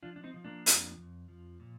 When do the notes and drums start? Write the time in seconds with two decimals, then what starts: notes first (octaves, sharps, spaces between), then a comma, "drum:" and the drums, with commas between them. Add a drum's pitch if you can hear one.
0.03 F3 D4 F4
0.16 D4
0.24 C4 D#4
0.34 F3
0.44 A#3 D4
0.66 F2, drum: hi-hat
0.98 F2
1.28 F3
1.60 A#2